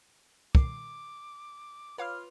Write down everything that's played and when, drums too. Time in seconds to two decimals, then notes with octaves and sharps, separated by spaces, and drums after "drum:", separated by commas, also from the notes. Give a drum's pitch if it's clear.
0.55 D#3 D6 C7, drum: kick
1.98 F4 B4 C#5 F5 D6 F6